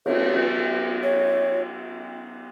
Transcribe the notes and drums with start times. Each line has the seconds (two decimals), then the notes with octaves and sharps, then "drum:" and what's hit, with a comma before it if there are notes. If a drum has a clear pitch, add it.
0.06 C#5, drum: cymbal
1.03 C#5